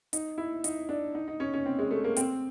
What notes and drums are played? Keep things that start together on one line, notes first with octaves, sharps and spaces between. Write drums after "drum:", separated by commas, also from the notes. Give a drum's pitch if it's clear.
D#4, drum: hi-hat
E4
D#4, drum: hi-hat
D4
D#4
D#4
C#4
C#4
C4
G#3
A3
A#3
C4, drum: hi-hat